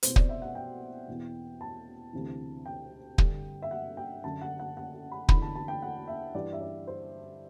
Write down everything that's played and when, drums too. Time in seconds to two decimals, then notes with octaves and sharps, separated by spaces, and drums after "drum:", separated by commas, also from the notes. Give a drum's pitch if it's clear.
0.03 C2 B2 C5, drum: hi-hat
0.16 D5, drum: kick
0.29 E5
0.42 F#5
0.55 G5
1.08 E2 B2
1.61 A5
2.13 D2 C3 E3
2.66 G5
3.18 G2 D3, drum: kick
3.62 E5
3.71 F#5
3.97 G5
4.24 F#2 D3 A5
4.41 F#5
4.59 F#5
4.77 F#5
5.12 B5
5.29 E2 D3 B5, drum: kick
5.42 A5
5.56 A5
5.68 G5
5.82 F#5
6.08 E5
6.35 G2 E3 D5
6.53 E5
6.61 D5
6.87 C5